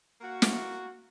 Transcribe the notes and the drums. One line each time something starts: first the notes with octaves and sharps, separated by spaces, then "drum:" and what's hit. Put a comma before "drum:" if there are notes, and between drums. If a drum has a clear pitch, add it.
A#3 F#4
drum: snare